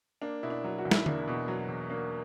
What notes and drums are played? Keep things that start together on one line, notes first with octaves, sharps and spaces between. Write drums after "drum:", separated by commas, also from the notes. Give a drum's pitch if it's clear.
A#3 D4
B2 E4
D4
F#3
F#4
E2
E4, drum: snare
A#3 D4, drum: tom D3
E4
B2
F#3
E2
A#3 D4